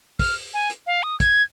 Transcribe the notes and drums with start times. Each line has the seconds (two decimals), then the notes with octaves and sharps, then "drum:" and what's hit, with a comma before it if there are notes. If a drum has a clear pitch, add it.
0.19 F6, drum: kick, open hi-hat
0.54 G#5
0.70 drum: hi-hat
0.87 F5
1.03 D#6
1.20 G#6, drum: kick, hi-hat